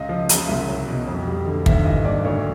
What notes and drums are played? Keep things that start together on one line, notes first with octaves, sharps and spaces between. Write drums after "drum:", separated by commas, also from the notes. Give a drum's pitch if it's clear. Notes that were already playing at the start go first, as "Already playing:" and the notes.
Already playing: C#2 D#5
F3
C#3, drum: hi-hat
C2 E5
F#3
B2
F2
G3
D3
G#1 E5, drum: kick
E3 D#5
G2 D5
D2 C#5